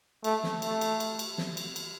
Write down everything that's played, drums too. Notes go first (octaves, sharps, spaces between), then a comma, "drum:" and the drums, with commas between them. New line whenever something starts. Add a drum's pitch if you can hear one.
A3, drum: cymbal
drum: snare
A3, drum: cymbal
drum: cymbal
drum: cymbal
drum: cymbal
drum: snare
drum: cymbal
drum: cymbal